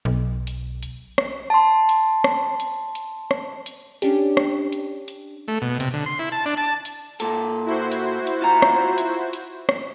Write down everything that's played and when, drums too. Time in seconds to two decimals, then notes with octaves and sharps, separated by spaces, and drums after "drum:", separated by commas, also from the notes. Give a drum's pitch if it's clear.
0.05 B1
0.47 drum: hi-hat
0.83 drum: hi-hat
1.18 drum: rim click
1.50 A5 C6
1.89 drum: hi-hat
2.24 drum: rim click
2.60 drum: hi-hat
2.95 drum: hi-hat
3.31 drum: rim click
3.66 drum: hi-hat
4.02 C#4 D4 G4, drum: hi-hat
4.37 drum: rim click
4.73 drum: hi-hat
5.08 drum: hi-hat
5.48 A3
5.62 B2
5.80 C3, drum: hi-hat
5.94 D3
6.06 C6
6.19 E4
6.32 A5
6.46 D4
6.57 A5
6.85 drum: hi-hat
7.20 A#2 A4, drum: hi-hat
7.65 E4 F#4 C5
7.92 drum: hi-hat
8.27 drum: hi-hat
8.42 F4 A#5
8.62 drum: rim click
8.98 drum: hi-hat
9.33 drum: hi-hat
9.69 drum: rim click